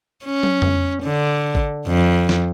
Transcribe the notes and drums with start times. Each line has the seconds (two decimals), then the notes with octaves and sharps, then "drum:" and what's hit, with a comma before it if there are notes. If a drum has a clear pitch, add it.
0.25 C#4
0.43 drum: tom
0.62 drum: tom F2
1.03 D3
1.55 drum: kick G#1
1.87 F2
2.29 drum: snare